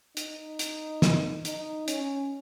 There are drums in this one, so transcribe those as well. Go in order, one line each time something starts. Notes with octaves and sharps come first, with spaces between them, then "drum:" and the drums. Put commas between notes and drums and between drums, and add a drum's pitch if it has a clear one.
D#4, drum: hi-hat
drum: hi-hat
drum: snare
D#4, drum: hi-hat
C#4, drum: hi-hat